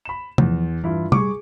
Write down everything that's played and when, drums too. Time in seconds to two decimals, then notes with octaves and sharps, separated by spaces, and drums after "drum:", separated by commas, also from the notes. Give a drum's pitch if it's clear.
0.05 B5 E7
0.38 E2 F3, drum: tom
0.84 G2 E3 E4 F4
1.12 G3 G#4 C#6 D6, drum: tom